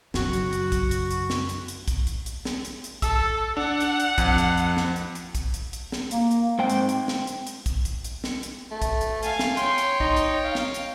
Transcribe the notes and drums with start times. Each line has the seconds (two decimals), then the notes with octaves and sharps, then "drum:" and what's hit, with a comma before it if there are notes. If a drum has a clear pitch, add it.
0.14 F#2 C#3 F#4, drum: snare
0.33 drum: hi-hat
0.53 drum: hi-hat
0.72 drum: kick, hi-hat
0.91 drum: hi-hat
1.10 drum: hi-hat
1.30 drum: snare
1.49 drum: hi-hat
1.68 drum: hi-hat
1.88 drum: kick, hi-hat
2.07 drum: hi-hat
2.26 drum: hi-hat
2.45 drum: snare
2.65 drum: hi-hat
2.84 drum: hi-hat
3.02 A4 E6, drum: kick, hi-hat
3.57 D4 F#5
3.80 drum: hi-hat
4.00 drum: hi-hat
4.18 F2, drum: kick, hi-hat
4.38 drum: hi-hat
4.57 drum: hi-hat
4.77 drum: snare
4.96 drum: hi-hat
5.15 drum: hi-hat
5.35 drum: kick, hi-hat
5.54 drum: hi-hat
5.73 drum: hi-hat
5.92 drum: snare
6.11 A#3, drum: hi-hat
6.31 drum: hi-hat
6.59 G#2 C4 C5 G5
6.70 drum: hi-hat
6.89 drum: hi-hat
7.08 drum: snare
7.27 drum: hi-hat
7.47 drum: hi-hat
7.66 drum: kick, hi-hat
7.85 drum: hi-hat
8.04 drum: hi-hat
8.24 drum: snare
8.43 drum: hi-hat
8.71 A3
8.82 drum: kick, hi-hat
9.01 drum: hi-hat
9.23 F5 G#5, drum: hi-hat
9.39 drum: snare
9.57 C#5 G5 C6, drum: hi-hat
9.78 drum: hi-hat
10.00 D#4, drum: kick
10.17 drum: hi-hat
10.44 F5
10.55 drum: snare
10.74 drum: hi-hat